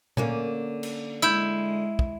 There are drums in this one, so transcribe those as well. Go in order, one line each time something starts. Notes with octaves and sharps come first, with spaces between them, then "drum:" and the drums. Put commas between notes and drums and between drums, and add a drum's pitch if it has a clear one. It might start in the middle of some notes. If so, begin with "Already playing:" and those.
D3 A#3 C#4, drum: tom A#2
drum: cymbal
G#3 E4 E6 G6
drum: kick